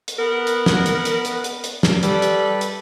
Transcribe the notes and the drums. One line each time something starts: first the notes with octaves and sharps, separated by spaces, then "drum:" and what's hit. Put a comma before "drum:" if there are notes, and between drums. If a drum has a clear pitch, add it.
drum: hi-hat
B3 A#4 F#5
drum: hi-hat
drum: snare
drum: hi-hat
drum: hi-hat
drum: hi-hat
drum: hi-hat
drum: hi-hat
drum: snare
G3 A4 B4, drum: hi-hat
drum: hi-hat
drum: hi-hat